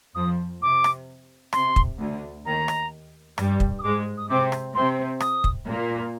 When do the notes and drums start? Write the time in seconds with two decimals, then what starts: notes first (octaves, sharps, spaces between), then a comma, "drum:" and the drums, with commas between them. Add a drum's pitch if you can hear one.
0.15 F2 F3 D#6
0.61 C3 D6
0.84 drum: rim click
1.53 C3 C6, drum: rim click
1.76 drum: kick
1.99 D2 D3
2.45 D#2 D#3 A#5
2.68 drum: rim click
3.38 G2 G3, drum: rim click
3.60 drum: kick
3.79 D#6
3.82 G#2 G#3 D6
4.17 D#6
4.29 C3 C4 D6
4.52 drum: rim click
4.74 C3 C4 C6
5.20 D#6, drum: rim click
5.44 drum: kick
5.67 A#2 A#3